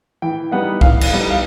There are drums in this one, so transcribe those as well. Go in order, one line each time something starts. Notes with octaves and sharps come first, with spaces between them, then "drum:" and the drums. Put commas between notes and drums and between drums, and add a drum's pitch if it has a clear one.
E3 G5
G3 B3 D#4 F#5
E3 F5, drum: kick
drum: cymbal
G3 B3 D#4
F5